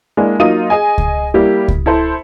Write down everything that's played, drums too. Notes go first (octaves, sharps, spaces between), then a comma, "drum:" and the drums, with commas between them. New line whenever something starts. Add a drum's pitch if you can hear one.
G#3 A#3 D4 E4
F#3 A#3 D#4 F4 D#6 D#7
G#4 D#5 G#5
drum: kick C#2
G3 A#3 E4 G4
drum: kick C#2
E4 A4 C5